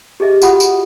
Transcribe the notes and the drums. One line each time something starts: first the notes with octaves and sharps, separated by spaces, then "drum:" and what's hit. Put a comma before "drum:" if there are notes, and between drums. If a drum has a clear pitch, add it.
G4 G#4 D#5 E5
F4 F#4 F#5 G5 B5 D#6, drum: tambourine
drum: tambourine